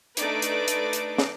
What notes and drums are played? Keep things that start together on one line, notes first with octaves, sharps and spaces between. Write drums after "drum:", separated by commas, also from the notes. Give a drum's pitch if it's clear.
A3 D4 D#4 B4 D5 D6, drum: hi-hat
drum: hi-hat
drum: hi-hat
drum: hi-hat
drum: snare